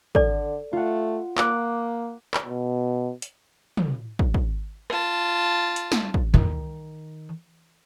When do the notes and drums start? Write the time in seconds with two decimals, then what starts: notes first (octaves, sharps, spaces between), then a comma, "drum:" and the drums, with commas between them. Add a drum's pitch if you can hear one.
0.15 D3 A4 D5, drum: kick
0.73 A3 F4 F#5
1.38 A#3 D6 F#6, drum: clap
2.34 drum: clap
2.46 B2
3.22 drum: hi-hat
3.77 drum: tom
4.19 drum: kick
4.34 drum: kick
4.90 F4 A5, drum: rim click
5.76 drum: hi-hat
5.92 drum: snare
6.14 drum: kick
6.34 D#3, drum: tom